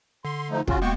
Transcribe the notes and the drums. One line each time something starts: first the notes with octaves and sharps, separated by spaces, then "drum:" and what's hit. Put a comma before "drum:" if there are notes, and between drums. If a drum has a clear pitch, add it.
D3 C6
F3 A3 D#4
C#3 C#4 F4 F#4, drum: kick
G#3 A#3 B3 F#4 G5 C#6